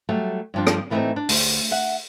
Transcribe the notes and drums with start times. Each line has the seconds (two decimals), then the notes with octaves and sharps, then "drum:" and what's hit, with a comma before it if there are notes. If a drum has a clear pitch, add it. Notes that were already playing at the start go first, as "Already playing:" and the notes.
0.09 F#3 G3 A3
0.54 G2 F3 D4
0.67 drum: rim click
0.90 A2 E3 A3 B3 C4 D#4
1.16 D4
1.29 D2, drum: open hi-hat
1.71 E5 F#5